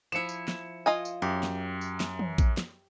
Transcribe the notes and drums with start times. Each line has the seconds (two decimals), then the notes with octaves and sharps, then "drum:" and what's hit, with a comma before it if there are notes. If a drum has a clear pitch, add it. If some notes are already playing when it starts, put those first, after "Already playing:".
0.12 F3 E4 C#7 E7
0.29 drum: tambourine
0.48 drum: snare
0.86 F4 D#5 G#5
1.05 drum: tambourine
1.22 F#2 G4
1.43 drum: snare
1.81 drum: tambourine
2.00 drum: snare
2.19 drum: tom
2.38 drum: kick A#1, tambourine
2.57 drum: snare